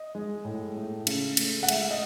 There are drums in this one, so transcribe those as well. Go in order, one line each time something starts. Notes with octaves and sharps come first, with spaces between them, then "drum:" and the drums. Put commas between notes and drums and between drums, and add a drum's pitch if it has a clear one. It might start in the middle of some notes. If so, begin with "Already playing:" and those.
Already playing: D#5
G#3
A2
A3
C#3, drum: cymbal
A3, drum: cymbal
F#5
G#3 E5, drum: cymbal
D#5